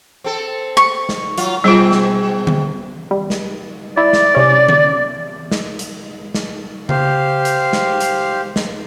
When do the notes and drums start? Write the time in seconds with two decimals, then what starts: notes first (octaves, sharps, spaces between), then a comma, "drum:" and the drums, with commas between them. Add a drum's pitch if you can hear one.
0.24 C4 A4
0.77 C#6
1.09 drum: snare
1.38 F#3 F4, drum: hi-hat
1.64 B2 G3 C4 F4 G#4
1.92 drum: snare
2.47 drum: tom D3
3.11 G3
3.30 drum: snare
3.97 E4 D5
4.13 drum: snare
4.35 C3 C#4
4.69 drum: tom D3
5.52 drum: snare
5.79 drum: hi-hat
6.35 drum: snare
6.89 G4 C5 F5, drum: tom C#3
7.45 drum: hi-hat
7.73 drum: snare
8.01 drum: hi-hat
8.56 drum: snare